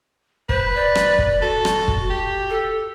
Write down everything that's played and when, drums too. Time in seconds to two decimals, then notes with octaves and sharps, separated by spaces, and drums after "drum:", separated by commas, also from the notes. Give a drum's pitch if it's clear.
0.49 B4 C5, drum: kick
0.75 D5
0.95 drum: rim click
1.19 drum: kick
1.42 F#4 A4
1.65 drum: rim click
1.88 drum: kick
2.10 G4
2.50 A4